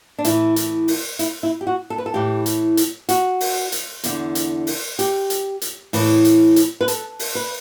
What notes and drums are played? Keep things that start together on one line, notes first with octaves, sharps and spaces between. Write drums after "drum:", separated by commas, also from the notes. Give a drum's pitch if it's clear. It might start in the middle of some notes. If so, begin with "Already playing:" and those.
D4
A2 E3 E4, drum: hi-hat
drum: hi-hat
drum: open hi-hat
E4, drum: hi-hat
E4
G4
F#4
A4
B4
A4
A2 E3 G4
drum: hi-hat
drum: hi-hat
F#4, drum: hi-hat
drum: open hi-hat
drum: hi-hat
E2 D3, drum: hi-hat
drum: hi-hat
drum: open hi-hat
G4, drum: hi-hat
drum: hi-hat
drum: hi-hat
A2 E3, drum: open hi-hat
drum: hi-hat
drum: hi-hat
B4
A4, drum: hi-hat
drum: open hi-hat
B4